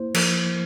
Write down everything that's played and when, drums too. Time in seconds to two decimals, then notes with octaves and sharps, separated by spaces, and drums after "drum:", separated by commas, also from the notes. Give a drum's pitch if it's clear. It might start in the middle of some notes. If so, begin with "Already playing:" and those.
Already playing: A#3 E4 C5
0.14 F3, drum: cymbal